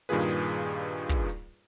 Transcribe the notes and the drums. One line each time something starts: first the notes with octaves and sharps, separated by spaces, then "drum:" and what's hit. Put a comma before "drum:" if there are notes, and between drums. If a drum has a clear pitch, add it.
G2 A#2 D#3 F4 G#4 B4, drum: hi-hat
drum: hi-hat
drum: hi-hat
drum: kick, hi-hat
drum: hi-hat